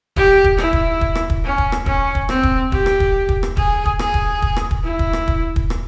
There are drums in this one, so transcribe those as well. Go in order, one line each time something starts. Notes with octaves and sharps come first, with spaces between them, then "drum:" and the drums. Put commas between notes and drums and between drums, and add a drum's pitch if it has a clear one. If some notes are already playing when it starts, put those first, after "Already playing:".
G4, drum: kick
drum: kick
E4, drum: rim click
drum: kick
drum: kick
drum: rim click
drum: kick
C#4
drum: kick
drum: rim click
C#4, drum: kick
drum: kick
C4, drum: rim click
drum: kick
G4, drum: kick
drum: rim click
drum: kick
drum: kick
drum: rim click
G#4, drum: kick
drum: kick
G#4, drum: rim click
drum: kick
drum: kick
drum: rim click
drum: kick
E4
drum: kick
drum: rim click
drum: kick
drum: kick
drum: rim click